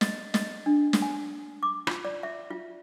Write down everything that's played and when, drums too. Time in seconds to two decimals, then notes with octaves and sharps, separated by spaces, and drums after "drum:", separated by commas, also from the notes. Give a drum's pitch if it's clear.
0.01 D#5, drum: snare
0.34 D#5, drum: snare
0.66 D4
0.93 drum: snare
1.02 G#5
1.63 D6
1.87 F4, drum: rim click
2.05 D5
2.23 E5
2.51 F4